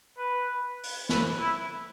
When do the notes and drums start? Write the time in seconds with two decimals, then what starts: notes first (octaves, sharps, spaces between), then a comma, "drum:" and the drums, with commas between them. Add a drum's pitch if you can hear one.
0.18 B4
0.83 drum: open hi-hat
1.09 B4, drum: snare
1.40 E4